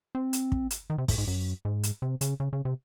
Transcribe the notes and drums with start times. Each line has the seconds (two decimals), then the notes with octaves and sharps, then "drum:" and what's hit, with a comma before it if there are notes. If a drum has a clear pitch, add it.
0.15 C4
0.33 drum: hi-hat
0.52 drum: kick
0.71 drum: hi-hat
0.90 D#3
0.98 C3
1.08 A2, drum: kick, open hi-hat
1.18 G#2
1.27 F#2
1.65 G#2
1.83 drum: hi-hat
2.02 C3
2.21 C#3, drum: hi-hat
2.40 C#3
2.53 C#3
2.65 C3